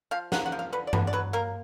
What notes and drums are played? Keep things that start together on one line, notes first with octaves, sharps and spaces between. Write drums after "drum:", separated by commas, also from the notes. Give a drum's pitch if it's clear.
F3 F5
A#3 F#5, drum: snare
F#5
F3
F5
D3 B4
D5
D3 B4, drum: tom G2
D5
F#3 B4
A#3 A#4